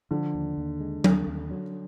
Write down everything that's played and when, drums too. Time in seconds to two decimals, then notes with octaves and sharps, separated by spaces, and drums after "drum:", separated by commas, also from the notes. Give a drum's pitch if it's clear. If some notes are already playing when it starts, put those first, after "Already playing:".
0.11 D3 F3
0.35 D#2
0.58 D#2
0.80 G#3
1.04 D#2, drum: tom F#3
1.27 D#2
1.51 F#3